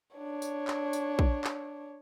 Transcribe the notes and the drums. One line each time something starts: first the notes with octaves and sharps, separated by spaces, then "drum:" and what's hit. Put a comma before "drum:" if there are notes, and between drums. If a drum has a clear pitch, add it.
D4 C#5
drum: tambourine
drum: clap
drum: tambourine
drum: kick
drum: clap